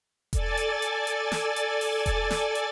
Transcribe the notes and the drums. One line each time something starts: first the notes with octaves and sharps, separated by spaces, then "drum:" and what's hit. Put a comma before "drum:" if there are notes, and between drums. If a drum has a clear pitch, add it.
A4 D5 G#5 A6, drum: kick E1, hi-hat
drum: hi-hat
drum: hi-hat
drum: hi-hat
drum: snare
drum: hi-hat
drum: open hi-hat
drum: kick E1, hi-hat
drum: snare
drum: hi-hat